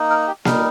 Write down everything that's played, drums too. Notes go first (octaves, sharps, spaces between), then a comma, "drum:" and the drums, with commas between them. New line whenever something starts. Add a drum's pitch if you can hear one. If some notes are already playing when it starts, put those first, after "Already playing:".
Already playing: A#3 D#4
A#4
G4
G3 D#4 A#4, drum: snare A#3